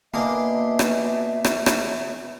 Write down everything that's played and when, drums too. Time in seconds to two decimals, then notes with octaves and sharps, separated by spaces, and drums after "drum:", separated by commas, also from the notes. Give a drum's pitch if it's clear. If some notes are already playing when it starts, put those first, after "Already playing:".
0.14 B2 A#3 D4 G#4 E5 C6
0.79 drum: rim click
1.44 drum: rim click
1.66 drum: rim click